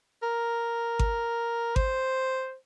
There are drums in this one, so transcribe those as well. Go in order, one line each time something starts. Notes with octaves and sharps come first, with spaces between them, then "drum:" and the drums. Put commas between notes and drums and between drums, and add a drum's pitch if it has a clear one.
A#4
drum: kick G#1
C5, drum: kick G#1